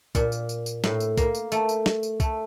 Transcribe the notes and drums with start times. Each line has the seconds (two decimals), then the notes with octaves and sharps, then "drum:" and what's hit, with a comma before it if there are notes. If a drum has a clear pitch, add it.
0.15 A#2, drum: kick C2, tambourine
0.32 drum: tambourine
0.49 drum: tambourine
0.66 drum: tambourine
0.84 A2, drum: snare
1.00 drum: tambourine
1.17 A#3, drum: kick C2, tambourine
1.35 drum: tambourine
1.52 A3, drum: tambourine
1.69 drum: tambourine
1.86 drum: snare
2.03 drum: tambourine
2.20 A3, drum: kick C2, tambourine